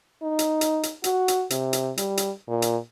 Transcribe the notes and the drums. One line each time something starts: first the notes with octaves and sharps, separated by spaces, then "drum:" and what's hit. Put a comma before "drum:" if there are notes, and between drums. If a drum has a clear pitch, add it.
D#4
drum: hi-hat
drum: hi-hat
drum: hi-hat
F#4, drum: hi-hat
drum: hi-hat
C3, drum: hi-hat
drum: hi-hat
G3, drum: hi-hat
drum: hi-hat
A#2
drum: hi-hat